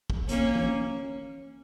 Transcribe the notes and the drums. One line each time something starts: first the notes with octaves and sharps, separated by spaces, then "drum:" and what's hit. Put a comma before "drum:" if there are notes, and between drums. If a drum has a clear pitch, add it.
drum: kick
A#3 C#4, drum: hi-hat
drum: tom E3